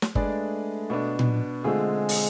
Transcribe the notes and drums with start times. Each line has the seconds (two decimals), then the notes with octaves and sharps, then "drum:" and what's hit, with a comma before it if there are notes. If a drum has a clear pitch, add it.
0.02 drum: snare
0.15 G#3 A3 D4 G#4 B4 D5, drum: kick G1
0.90 B2 B3 D4
1.19 drum: tom A#2
1.64 D3 G#3 A3 C4 F4 G#4
2.09 drum: open hi-hat